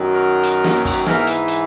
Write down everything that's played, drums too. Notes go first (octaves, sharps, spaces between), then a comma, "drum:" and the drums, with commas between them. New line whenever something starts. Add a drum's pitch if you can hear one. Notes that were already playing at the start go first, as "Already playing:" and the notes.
Already playing: F#2 D#3 F#3
A#4
drum: hi-hat
drum: snare
drum: kick, open hi-hat
G#2 E3 A#4, drum: snare
drum: hi-hat
drum: hi-hat